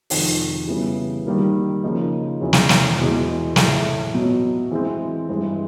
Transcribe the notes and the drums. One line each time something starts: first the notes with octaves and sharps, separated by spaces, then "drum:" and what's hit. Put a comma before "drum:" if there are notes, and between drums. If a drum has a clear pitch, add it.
F2 C3 D#3 G#3, drum: open hi-hat
C#3 E3 G3 B3
D#3 G3 A#3
C#3 F3 A#3 D#4
E2 C#3 E3
drum: snare
drum: snare
E2 B2 G#3
A2 E3 A3, drum: snare
B2 F#3 B3
E3 G#3 C4
G2 E3 G#3